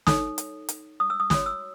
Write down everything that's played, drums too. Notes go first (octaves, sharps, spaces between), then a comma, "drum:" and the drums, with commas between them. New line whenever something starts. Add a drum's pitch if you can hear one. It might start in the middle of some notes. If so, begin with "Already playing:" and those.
D#4 A4 C#5 D#6, drum: snare
drum: hi-hat
drum: hi-hat
D#6
E6
D#6
F#4 C#5 D#6, drum: snare
E6